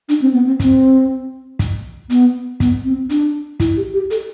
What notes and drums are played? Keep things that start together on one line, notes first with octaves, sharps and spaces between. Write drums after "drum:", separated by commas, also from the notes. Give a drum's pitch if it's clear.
D4, drum: hi-hat
C4
B3
C4
C4, drum: kick, hi-hat
drum: kick, hi-hat
B3, drum: hi-hat
B3, drum: kick, hi-hat
C4
D4, drum: hi-hat
E4, drum: kick, hi-hat
G4
G4
A4, drum: hi-hat